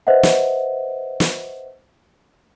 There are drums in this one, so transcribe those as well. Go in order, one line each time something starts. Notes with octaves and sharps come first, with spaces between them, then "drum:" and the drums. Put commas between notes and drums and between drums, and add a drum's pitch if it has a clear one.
B4 C5 D#5 E5 F#5
drum: snare
drum: snare